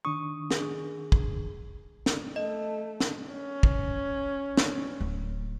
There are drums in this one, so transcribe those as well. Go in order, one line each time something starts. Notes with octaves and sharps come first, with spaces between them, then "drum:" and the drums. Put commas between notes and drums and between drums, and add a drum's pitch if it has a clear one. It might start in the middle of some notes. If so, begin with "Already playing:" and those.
D#3 D4 C#6 D#6
G#4, drum: snare
drum: kick
drum: snare
A3 D#5
drum: snare
C#4
drum: kick
drum: snare
D1